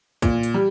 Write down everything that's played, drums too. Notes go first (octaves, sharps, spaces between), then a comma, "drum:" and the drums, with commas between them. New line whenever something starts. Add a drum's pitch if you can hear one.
A#2, drum: kick, hi-hat
drum: hi-hat
G3